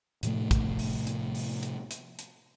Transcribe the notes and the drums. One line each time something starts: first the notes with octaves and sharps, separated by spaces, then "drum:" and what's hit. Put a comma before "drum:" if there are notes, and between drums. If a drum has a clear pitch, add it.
A2 C3 F3 A3, drum: hi-hat
drum: kick, hi-hat
drum: open hi-hat
drum: hi-hat
drum: open hi-hat
drum: hi-hat
drum: hi-hat
drum: hi-hat